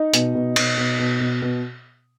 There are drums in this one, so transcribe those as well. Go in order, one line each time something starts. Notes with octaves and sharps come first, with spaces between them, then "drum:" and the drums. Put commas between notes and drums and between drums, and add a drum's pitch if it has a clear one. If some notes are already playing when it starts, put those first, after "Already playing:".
Already playing: D#4
B2, drum: hi-hat
B2
B2, drum: cymbal
B2
B2
B2
B2